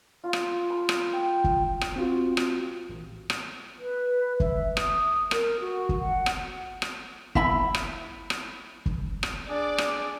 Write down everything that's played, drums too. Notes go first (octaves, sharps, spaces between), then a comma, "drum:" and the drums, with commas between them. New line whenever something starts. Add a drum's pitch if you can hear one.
F4
drum: rim click
B5
drum: rim click
G5
drum: kick
drum: rim click
C4 F4 F#4
drum: rim click
A1
drum: rim click
B4
E5, drum: kick
D#6, drum: rim click
A#4, drum: rim click
F#4
drum: kick
F#5
drum: rim click
drum: rim click
E4 E5 B5, drum: kick
drum: rim click
drum: rim click
drum: kick
drum: rim click
D4 G#4 D5
drum: rim click